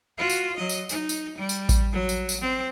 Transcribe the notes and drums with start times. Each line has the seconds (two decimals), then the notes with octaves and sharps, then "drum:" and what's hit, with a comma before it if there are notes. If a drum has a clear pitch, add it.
0.18 F4 F#4
0.29 drum: tambourine
0.56 F#3 D#5
0.69 drum: tambourine
0.89 D#4, drum: tambourine
1.09 drum: tambourine
1.37 G3
1.49 drum: tambourine
1.69 drum: kick A1, tambourine
1.92 F#3
2.09 drum: tambourine
2.29 drum: tambourine
2.41 C4